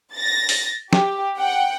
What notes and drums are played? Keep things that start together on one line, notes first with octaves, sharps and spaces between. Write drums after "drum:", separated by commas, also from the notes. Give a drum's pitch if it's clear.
A6 A#6
drum: open hi-hat
G4, drum: snare
F#5 G5